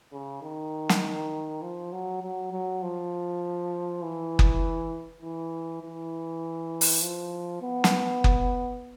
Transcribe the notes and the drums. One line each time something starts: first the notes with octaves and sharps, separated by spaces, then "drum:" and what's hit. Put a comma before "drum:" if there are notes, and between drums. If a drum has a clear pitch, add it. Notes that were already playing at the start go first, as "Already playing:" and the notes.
C#3
D#3
drum: snare
F3
F#3
F#3
F#3
F3
E3
drum: kick F#1
E3
E3
drum: open hi-hat
F3
B3
drum: snare
drum: kick F#1